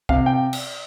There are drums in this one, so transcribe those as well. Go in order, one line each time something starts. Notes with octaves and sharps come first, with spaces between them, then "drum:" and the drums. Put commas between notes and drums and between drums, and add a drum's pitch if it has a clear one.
C3 F5, drum: kick
G5
drum: cymbal